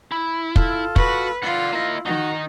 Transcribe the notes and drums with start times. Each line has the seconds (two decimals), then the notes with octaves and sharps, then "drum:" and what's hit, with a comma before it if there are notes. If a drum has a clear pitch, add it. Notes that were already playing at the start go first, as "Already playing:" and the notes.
0.12 E4
0.56 F4 A4, drum: kick
0.96 F#4 B4, drum: kick
1.43 F4 D5 F#5
1.73 A#3 E4 D#5
2.06 D#3 D#4 F#4